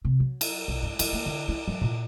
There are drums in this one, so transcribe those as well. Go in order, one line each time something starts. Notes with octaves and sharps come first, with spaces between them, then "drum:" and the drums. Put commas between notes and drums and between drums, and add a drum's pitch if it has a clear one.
C3
F#3
drum: cymbal
B1
G2
F#3, drum: cymbal
A#3
D3
E4
F#3
A#2